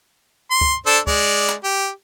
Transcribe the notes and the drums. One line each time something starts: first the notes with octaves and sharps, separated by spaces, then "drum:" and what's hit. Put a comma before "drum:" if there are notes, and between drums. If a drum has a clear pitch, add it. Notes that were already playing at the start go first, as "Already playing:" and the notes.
C6
drum: kick
D4 A4 C5
G#3 D5, drum: kick
drum: clap
G4